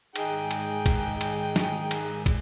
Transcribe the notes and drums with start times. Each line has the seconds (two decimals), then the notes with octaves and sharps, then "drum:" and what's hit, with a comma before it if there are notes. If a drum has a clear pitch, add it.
0.16 G#2 D#3 G#3 D#4 G#4 G5, drum: cymbal
0.51 drum: cymbal
0.86 drum: kick, cymbal
1.21 drum: cymbal
1.56 drum: snare
1.91 drum: cymbal
2.26 drum: kick, cymbal